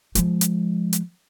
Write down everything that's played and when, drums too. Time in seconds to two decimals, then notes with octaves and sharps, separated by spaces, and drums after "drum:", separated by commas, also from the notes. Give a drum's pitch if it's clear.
0.15 F3 G#3, drum: hi-hat
0.41 drum: hi-hat
0.93 drum: hi-hat